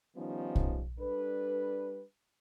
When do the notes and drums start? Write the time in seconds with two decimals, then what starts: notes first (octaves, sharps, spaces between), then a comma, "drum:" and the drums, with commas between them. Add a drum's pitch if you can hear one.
0.16 D#3 F3 G3 B3 C#4 D#4
0.55 drum: kick
0.99 G3 D4 A4 B4